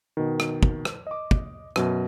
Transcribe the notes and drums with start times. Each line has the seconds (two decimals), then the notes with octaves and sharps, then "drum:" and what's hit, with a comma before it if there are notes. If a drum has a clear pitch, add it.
0.17 B2 D#3
0.40 drum: rim click
0.63 drum: kick
0.85 drum: rim click
1.07 D#5 D6
1.31 drum: kick
1.76 F#2 B2, drum: rim click